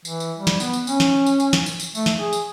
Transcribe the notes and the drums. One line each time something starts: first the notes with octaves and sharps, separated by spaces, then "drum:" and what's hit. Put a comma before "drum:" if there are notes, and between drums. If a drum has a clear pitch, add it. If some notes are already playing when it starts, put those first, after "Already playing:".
E3, drum: tambourine
drum: tambourine
G3
drum: snare
B3, drum: tambourine
drum: tambourine
C#4, drum: tambourine
drum: snare
drum: tambourine
drum: tambourine
drum: snare
drum: tambourine
drum: tambourine
A3, drum: tambourine
drum: snare
G#4
drum: tambourine